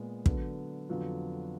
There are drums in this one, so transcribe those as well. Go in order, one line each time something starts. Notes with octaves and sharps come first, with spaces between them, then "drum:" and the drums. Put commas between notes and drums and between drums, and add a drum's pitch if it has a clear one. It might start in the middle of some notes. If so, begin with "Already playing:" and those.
Already playing: A#2 G#3 B3
D3 F#3 B3, drum: kick
F2 D3 F#3 B3 F4